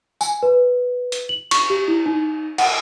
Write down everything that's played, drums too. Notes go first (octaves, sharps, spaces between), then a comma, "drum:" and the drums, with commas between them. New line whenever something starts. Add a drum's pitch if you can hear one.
G#5, drum: tambourine
B4
drum: hi-hat
F#7
C#6, drum: cymbal
G4
E4
D#4
F#5, drum: cymbal